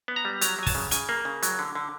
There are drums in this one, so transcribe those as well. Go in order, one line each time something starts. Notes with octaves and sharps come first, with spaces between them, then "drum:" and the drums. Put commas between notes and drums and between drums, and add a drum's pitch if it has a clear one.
B3
A#5
G3
F#3 A#5, drum: hi-hat
F#3 G#5
A5, drum: kick, open hi-hat
C#3
C#3 G#5, drum: hi-hat
A#3
C#3
F#3, drum: hi-hat
D3
D3